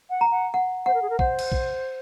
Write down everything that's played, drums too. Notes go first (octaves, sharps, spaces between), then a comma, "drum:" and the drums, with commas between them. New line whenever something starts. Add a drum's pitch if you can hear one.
F#5
A#5
F#5
F#5
C5 F#5
A#4
G#4
A#4
C5 F#5, drum: kick
drum: cymbal
drum: kick